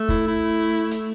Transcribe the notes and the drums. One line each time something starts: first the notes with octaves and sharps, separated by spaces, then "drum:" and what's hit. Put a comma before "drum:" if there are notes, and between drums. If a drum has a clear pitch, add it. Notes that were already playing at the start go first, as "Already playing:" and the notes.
Already playing: A3
E4, drum: kick
E4
drum: hi-hat